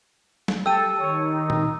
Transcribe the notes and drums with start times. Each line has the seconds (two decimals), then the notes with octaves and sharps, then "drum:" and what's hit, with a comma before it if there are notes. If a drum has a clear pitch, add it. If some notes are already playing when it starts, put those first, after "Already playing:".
0.48 drum: snare G3
0.66 G4 A4 E6 D#7
0.99 D#3 C#5
1.29 D#4
1.50 drum: tom A#2